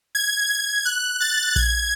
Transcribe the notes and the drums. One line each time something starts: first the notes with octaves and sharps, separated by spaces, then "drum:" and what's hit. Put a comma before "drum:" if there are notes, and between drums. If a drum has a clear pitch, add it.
G#6
G#6
F#6
A6
G#6, drum: kick A#1